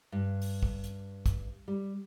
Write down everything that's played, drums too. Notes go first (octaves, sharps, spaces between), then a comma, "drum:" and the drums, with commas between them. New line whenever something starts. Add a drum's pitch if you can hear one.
G2
drum: open hi-hat
drum: kick
drum: hi-hat
drum: kick, hi-hat
G3